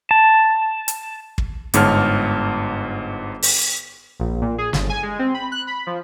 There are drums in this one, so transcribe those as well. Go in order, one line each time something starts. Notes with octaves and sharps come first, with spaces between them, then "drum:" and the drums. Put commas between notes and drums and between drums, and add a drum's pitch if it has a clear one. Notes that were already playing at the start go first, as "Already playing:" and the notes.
A5
drum: hi-hat
drum: kick
G1 G#2 C#5 A5 F6, drum: hi-hat
drum: open hi-hat
A#1
A#2
G#4
G1, drum: snare
G#5
G#3
C4
B5
F#6
B5
F3